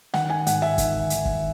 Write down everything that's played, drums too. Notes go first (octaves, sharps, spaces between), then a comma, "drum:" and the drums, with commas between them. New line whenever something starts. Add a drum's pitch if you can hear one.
D#3 F#5, drum: snare
G#5
G#2 F#5, drum: hi-hat
E5
D#3, drum: kick, hi-hat
D#3, drum: hi-hat
drum: kick